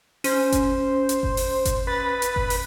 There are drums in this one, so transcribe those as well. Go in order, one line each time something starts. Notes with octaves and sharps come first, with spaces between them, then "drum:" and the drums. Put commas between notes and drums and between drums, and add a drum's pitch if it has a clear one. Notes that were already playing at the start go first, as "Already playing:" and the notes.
C#4 C5, drum: open hi-hat
drum: kick G1, hi-hat
drum: hi-hat
drum: kick G1
drum: open hi-hat
drum: kick G1, hi-hat
B4 A6
drum: hi-hat
drum: kick G1
drum: open hi-hat